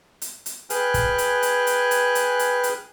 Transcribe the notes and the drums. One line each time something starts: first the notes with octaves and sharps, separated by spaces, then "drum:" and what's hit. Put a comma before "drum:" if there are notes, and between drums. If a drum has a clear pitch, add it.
drum: hi-hat
drum: hi-hat
G#4 B4 G5 G#5 F6 F#6, drum: hi-hat
drum: kick, hi-hat
drum: hi-hat
drum: hi-hat
drum: hi-hat
drum: hi-hat
drum: hi-hat
drum: hi-hat
drum: hi-hat